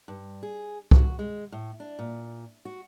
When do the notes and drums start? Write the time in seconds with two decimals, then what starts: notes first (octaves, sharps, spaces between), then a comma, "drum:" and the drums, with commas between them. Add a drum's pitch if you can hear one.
0.08 G2
0.43 G#4
0.91 F#4, drum: kick C2
1.19 G#3
1.52 A2
1.80 D4
1.99 A#2
2.65 F#4